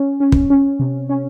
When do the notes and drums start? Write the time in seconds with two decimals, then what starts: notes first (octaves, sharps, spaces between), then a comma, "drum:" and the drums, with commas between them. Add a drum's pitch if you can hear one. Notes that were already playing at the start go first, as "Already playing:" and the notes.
Already playing: C#4
0.20 C#4
0.32 drum: kick
0.50 C#4
0.79 C3
1.09 C#4